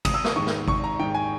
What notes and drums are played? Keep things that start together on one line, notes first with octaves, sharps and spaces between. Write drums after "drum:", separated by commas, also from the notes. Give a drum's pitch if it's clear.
G#1 D#6, drum: kick G#1, cymbal
E6
D#6, drum: snare
G#2 D#3 C#6
drum: snare
G#1 C#6, drum: kick G#1
A#5
G#2 D#3 G5
G#5